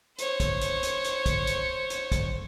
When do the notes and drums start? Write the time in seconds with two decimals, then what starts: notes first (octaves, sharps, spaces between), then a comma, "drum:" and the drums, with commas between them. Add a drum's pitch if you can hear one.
0.18 C5 C#5, drum: hi-hat
0.40 drum: kick, hi-hat
0.61 drum: hi-hat
0.83 drum: hi-hat
1.04 drum: hi-hat
1.26 drum: kick, hi-hat
1.47 drum: hi-hat
1.90 drum: hi-hat
2.12 drum: kick, hi-hat